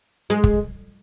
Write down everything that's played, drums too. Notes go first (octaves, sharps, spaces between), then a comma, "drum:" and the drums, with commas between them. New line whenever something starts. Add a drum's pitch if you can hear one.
G#3
drum: kick